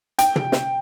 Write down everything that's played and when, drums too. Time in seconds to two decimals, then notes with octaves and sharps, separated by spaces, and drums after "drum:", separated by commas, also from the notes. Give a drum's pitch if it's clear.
0.19 G5, drum: hi-hat
0.36 drum: tom
0.52 drum: snare